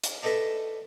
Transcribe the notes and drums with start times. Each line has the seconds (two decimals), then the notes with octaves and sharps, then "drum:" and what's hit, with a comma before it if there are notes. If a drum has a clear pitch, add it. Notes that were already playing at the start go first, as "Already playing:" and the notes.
0.04 drum: hi-hat
0.22 D4 D#4 A4 B4 D#5 E5